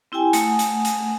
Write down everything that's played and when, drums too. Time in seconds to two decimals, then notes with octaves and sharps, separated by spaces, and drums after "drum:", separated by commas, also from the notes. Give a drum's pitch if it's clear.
0.12 C4 E4 G4 G5 G#5
0.33 A3 F#5 G#5 D#6, drum: hi-hat
0.59 drum: hi-hat
0.85 drum: hi-hat